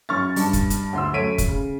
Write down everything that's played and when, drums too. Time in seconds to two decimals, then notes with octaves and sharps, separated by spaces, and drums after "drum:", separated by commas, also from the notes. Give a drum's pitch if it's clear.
0.09 F#2 C#4 C#6 F6 A6
0.36 G2 A5, drum: open hi-hat
0.53 drum: kick, hi-hat
0.70 drum: hi-hat
0.93 D2 C6 E6
1.13 F#2 A3 C#5 B6 D7 D#7
1.38 drum: kick, hi-hat
1.48 C#3